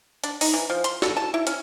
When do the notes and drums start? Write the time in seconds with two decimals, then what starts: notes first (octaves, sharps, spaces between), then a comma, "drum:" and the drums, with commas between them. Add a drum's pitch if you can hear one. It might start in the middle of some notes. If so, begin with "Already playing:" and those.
0.24 D4, drum: hi-hat
0.41 D#4, drum: open hi-hat
0.54 E3
0.70 F3
0.84 C6, drum: hi-hat
1.02 A4, drum: snare
1.16 A5
1.34 E4
1.47 C#4, drum: hi-hat